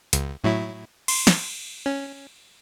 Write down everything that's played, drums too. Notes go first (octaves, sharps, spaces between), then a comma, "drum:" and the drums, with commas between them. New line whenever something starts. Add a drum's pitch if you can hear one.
C#2, drum: hi-hat
A2 F#3 E4
C6, drum: cymbal
drum: snare
C#4